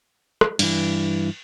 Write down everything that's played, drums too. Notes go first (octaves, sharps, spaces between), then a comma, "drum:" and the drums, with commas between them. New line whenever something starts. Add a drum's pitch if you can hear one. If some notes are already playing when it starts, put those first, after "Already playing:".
drum: rim click
G2 E3, drum: cymbal